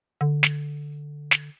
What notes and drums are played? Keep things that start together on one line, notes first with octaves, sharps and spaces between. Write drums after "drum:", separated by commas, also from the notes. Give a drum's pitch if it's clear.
D3
drum: snare
drum: snare